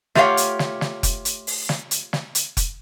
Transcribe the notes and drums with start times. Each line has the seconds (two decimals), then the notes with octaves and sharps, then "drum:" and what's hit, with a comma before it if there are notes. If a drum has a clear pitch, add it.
0.15 A3 F4 G4 C#5 F5 F#5, drum: snare
0.37 drum: hi-hat
0.59 drum: snare
0.81 drum: snare
1.03 drum: kick F1, hi-hat
1.25 drum: hi-hat
1.47 drum: open hi-hat
1.69 drum: snare
1.91 drum: hi-hat
2.13 drum: snare
2.35 drum: hi-hat
2.57 drum: kick F1, hi-hat